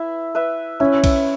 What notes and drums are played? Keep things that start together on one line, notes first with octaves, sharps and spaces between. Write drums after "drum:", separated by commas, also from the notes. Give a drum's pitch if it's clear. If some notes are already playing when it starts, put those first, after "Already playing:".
Already playing: E4 B4 E5
B4 E5
C#4 E4
drum: kick B1, cymbal